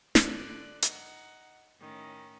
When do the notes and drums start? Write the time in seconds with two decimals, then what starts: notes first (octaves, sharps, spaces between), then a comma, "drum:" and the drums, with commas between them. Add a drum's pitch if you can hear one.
0.15 G#2 D3 D5 F#6, drum: snare
0.82 D#4 F#5, drum: hi-hat
1.80 A2 D#3 C#4